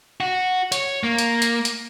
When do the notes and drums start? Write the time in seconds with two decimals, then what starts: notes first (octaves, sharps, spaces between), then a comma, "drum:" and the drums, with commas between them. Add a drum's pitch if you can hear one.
0.20 F#4
0.72 C#5, drum: hi-hat
1.03 A#3
1.19 drum: hi-hat
1.42 drum: hi-hat
1.65 drum: hi-hat